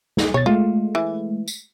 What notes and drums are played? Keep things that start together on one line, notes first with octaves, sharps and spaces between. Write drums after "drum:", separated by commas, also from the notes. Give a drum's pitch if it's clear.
drum: snare
B2 C#5 A6
G#3 A3 F4
E3
drum: tambourine